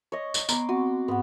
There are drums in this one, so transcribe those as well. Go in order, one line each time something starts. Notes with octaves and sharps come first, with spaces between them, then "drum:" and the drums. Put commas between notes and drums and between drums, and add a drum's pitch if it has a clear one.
C#5 D#5
drum: tambourine
B3 A#5 C6 D6, drum: tambourine
C4 F#4
G#2 B3 F#5